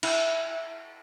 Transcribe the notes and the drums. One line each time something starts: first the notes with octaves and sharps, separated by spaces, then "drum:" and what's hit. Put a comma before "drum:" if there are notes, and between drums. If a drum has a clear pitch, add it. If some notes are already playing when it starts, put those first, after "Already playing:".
E4, drum: cymbal